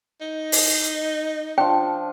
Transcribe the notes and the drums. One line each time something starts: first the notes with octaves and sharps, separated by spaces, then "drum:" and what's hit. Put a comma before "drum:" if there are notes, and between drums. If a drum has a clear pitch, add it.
D#4
drum: open hi-hat
F3 D4 G5